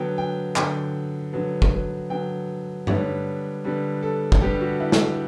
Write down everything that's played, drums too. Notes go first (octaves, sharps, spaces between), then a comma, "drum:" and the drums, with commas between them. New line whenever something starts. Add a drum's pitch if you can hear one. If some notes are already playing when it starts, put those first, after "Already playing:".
Already playing: D3 F#3 B3 G5
G5
D3 F#3 B3 G5, drum: clap
D3 F#3 B3
drum: kick
D3 F#3 B3 G5
D3 G3 B3 C#5, drum: tom G2
D3 G3 B3
A4
drum: kick
D3 G3 B3 G4
F#4
E4
drum: snare